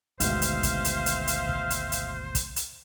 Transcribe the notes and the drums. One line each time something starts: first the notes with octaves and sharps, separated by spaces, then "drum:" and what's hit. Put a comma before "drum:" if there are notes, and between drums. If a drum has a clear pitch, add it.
G#1 D2 G#2 B2 C4 C5 E5 F5, drum: hi-hat
drum: hi-hat
drum: kick, hi-hat
drum: hi-hat
drum: hi-hat
drum: hi-hat
drum: kick
drum: hi-hat
drum: hi-hat
drum: kick, hi-hat
drum: hi-hat